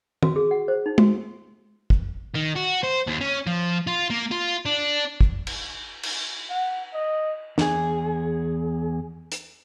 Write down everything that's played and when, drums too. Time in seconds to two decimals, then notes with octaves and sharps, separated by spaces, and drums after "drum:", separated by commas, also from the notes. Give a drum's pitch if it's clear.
0.23 F#4, drum: tom D#3
0.36 G#4
0.51 F#5
0.68 C5
0.86 D#4
0.98 F#4, drum: tom G#3
1.90 drum: kick
2.35 D#3
2.56 F#4
2.83 C5
3.07 D#2
3.21 C#4
3.47 F3
3.87 F4
4.10 A#3
4.31 F4
4.66 D4
5.21 drum: kick
5.47 drum: cymbal
6.03 drum: cymbal
6.50 F#5
6.94 D#5
7.58 E2 G#4, drum: snare
9.32 drum: hi-hat